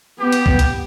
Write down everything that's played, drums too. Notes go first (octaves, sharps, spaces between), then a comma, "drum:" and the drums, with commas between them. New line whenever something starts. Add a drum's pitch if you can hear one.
B3 G4
drum: hi-hat
drum: kick
drum: hi-hat